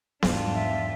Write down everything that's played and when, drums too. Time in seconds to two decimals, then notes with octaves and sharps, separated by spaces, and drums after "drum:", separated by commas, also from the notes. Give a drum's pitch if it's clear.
0.22 E2 G#2 D4 F4 G5, drum: snare B3
0.55 E5